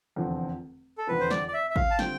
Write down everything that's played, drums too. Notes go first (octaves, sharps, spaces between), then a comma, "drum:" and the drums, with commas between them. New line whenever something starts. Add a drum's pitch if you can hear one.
F1 E2 D3 F3 C4
A4
F1 E2 D3 F3 C4 B4
C5
D5, drum: snare
D5
E5
E5
F5, drum: kick
A5
D3 G3 C4 F4 G5, drum: snare